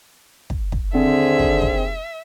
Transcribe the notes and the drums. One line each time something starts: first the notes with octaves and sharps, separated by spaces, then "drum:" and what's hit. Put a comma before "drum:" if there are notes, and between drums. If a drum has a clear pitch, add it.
drum: kick
drum: kick
D#2 D3 C4 G#4 E5
drum: kick
drum: kick